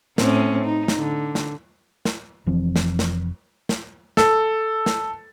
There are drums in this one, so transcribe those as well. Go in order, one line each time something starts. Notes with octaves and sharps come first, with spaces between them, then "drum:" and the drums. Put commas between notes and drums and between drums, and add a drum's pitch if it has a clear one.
A2 C4 C#4, drum: snare
D#4
drum: snare
D3
drum: snare
drum: snare
F1 E3 F3 C4
drum: snare
drum: snare
drum: snare
A4, drum: snare
drum: snare